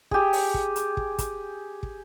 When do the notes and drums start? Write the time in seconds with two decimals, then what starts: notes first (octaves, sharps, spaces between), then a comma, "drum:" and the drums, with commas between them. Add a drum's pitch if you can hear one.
0.11 G4 G#4, drum: kick
0.33 drum: open hi-hat
0.54 drum: kick
0.76 drum: hi-hat
0.97 drum: kick
1.18 drum: kick, hi-hat
1.83 drum: kick